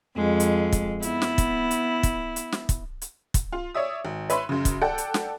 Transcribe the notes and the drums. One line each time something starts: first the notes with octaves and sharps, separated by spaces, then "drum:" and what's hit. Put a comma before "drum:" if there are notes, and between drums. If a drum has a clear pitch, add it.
F2 G#3
drum: hi-hat
drum: kick, hi-hat
B3 E4, drum: hi-hat
drum: snare
drum: kick, hi-hat
drum: hi-hat
drum: kick, hi-hat
drum: hi-hat
drum: snare
drum: kick, hi-hat
drum: hi-hat
drum: kick, hi-hat
F4
C#5 D5 E5 D#6
G#1
B4 C#5 E5 B5 C6, drum: hi-hat
F#2 C#3
drum: kick, hi-hat
A4 D5 F#5 G5
drum: hi-hat
drum: snare